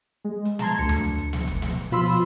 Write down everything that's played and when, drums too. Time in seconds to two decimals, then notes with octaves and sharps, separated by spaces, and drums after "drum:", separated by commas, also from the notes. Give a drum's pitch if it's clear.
0.24 G#3
0.45 drum: hi-hat
0.59 A5 A#5 C6 G#6, drum: snare
0.79 D2 C#7
0.89 drum: tom E2
1.04 drum: hi-hat
1.18 drum: hi-hat
1.33 drum: snare
1.47 drum: kick F#1, hi-hat
1.62 drum: snare
1.77 drum: hi-hat
1.91 B2 F3 F4 B5 C6 E6, drum: hi-hat
2.06 drum: open hi-hat